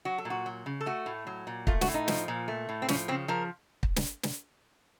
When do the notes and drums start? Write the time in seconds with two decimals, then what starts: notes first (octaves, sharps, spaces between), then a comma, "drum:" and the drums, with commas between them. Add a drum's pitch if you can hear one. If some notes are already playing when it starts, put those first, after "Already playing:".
0.05 F#3 F#4
0.18 A4
0.25 A#2
0.30 F#4
0.46 F#3
0.66 C#3
0.81 A4
0.86 A3 F#4
1.06 A2
1.27 F#3
1.47 A#2
1.67 A3 F4, drum: kick
1.81 F#4, drum: snare
1.88 A2
1.94 D#4
2.08 F3, drum: snare
2.28 A#2
2.48 A3
2.69 A2
2.82 C4
2.88 F3 C#4, drum: snare
3.08 C#3 C4
3.28 F3 A#4
3.83 drum: kick
3.96 drum: snare
4.23 drum: snare